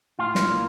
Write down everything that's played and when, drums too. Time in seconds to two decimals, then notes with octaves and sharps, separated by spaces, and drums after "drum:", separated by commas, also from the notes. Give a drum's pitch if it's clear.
0.19 A2 F4
0.35 drum: snare
0.51 A#3